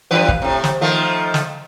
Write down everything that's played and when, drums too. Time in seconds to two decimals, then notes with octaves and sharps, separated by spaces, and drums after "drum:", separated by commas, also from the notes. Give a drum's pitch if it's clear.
0.11 G2 E3 B4
0.28 drum: kick
0.42 A2 C3
0.64 drum: snare
0.81 D#3 F3 A3
1.34 drum: snare